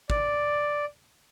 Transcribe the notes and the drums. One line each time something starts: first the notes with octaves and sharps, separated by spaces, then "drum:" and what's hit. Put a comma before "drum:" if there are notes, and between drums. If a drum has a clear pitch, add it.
D5, drum: kick